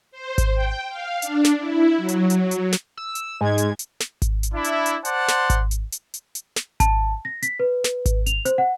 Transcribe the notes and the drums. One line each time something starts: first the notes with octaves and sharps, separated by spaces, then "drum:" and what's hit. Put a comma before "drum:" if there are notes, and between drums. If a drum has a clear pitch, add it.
C5
drum: kick G#1, hi-hat
G5
F5
D4, drum: hi-hat
drum: snare
E4
F#3
drum: hi-hat
F#3, drum: hi-hat
drum: hi-hat
drum: snare
E6
drum: hi-hat
G#2 G#3 G#6
drum: hi-hat
drum: hi-hat
drum: snare
drum: kick G#1, hi-hat
drum: hi-hat
D4 E4
drum: hi-hat
drum: hi-hat
C5 D5 F#5 A5 C6, drum: hi-hat
drum: snare
drum: kick G#1, hi-hat
drum: hi-hat
drum: hi-hat
drum: hi-hat
drum: hi-hat
drum: snare
A5, drum: kick G#1, hi-hat
A#6
B6, drum: hi-hat
B4
drum: snare
drum: kick G#1, hi-hat
F7, drum: hi-hat
C5, drum: hi-hat
F#5